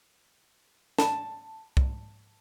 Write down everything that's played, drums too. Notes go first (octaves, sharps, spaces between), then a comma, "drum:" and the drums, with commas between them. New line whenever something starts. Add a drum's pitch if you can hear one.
A5, drum: snare
drum: kick C2